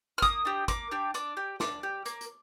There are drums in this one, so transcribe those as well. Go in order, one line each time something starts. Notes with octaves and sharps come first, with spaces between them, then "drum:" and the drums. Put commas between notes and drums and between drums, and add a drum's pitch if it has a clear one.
F6
A#3 D#6, drum: kick, hi-hat
D4 G4
A#3 D6, drum: kick, hi-hat
D4 G4
D4 D6, drum: hi-hat
G4
D4 D6, drum: snare
G4
A#3, drum: hi-hat
drum: hi-hat